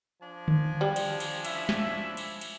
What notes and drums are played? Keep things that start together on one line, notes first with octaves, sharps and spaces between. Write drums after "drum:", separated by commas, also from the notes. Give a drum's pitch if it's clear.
F3 D4 G#5
drum: tom D3
G3
drum: cymbal
drum: cymbal
C#4 E4 E5, drum: cymbal
drum: snare
drum: cymbal
drum: cymbal